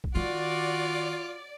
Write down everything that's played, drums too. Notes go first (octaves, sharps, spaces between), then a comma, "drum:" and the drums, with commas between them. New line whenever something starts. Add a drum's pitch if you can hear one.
drum: kick
D#3 F4 F#4 D5